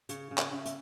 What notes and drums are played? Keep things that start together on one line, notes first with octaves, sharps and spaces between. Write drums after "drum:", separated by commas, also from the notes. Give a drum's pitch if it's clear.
C#3 C#5, drum: hi-hat
C#3
E5, drum: clap
C#3
E5, drum: hi-hat